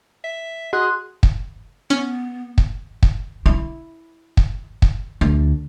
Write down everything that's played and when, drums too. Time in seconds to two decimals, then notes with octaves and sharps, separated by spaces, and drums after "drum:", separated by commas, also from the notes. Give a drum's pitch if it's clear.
0.24 E5
0.73 F#4 G#4 D#5 C6 F#6
1.23 drum: kick
1.90 B3 C#4
2.58 drum: kick
3.03 drum: kick
3.46 E4
4.37 drum: kick
4.82 drum: kick
5.21 D2